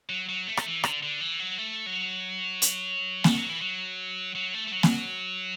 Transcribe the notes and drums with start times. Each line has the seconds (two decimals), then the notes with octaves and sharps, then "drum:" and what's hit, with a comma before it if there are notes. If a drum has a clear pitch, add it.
0.09 F#3
0.29 F#3
0.47 A3
0.57 D3, drum: rim click
0.66 E3
0.84 D3, drum: rim click
1.03 D3
1.21 E3
1.39 F#3
1.58 A3
1.86 F#3
2.62 drum: hi-hat
3.24 A3, drum: snare A#3
3.37 F#3
3.49 E3
3.61 F#3
4.35 F#3
4.54 A3
4.67 A3
4.73 F#3
4.83 drum: snare A#3